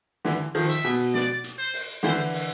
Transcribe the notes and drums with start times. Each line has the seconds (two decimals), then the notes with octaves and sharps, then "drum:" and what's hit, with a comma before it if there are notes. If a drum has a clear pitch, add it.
0.25 D3 E3, drum: snare
0.55 D#3 F3, drum: open hi-hat
0.70 E5
0.84 B2
1.14 D5, drum: snare
1.44 drum: hi-hat
1.58 C5
1.74 drum: open hi-hat
2.03 D3 E3 C5, drum: snare
2.33 drum: open hi-hat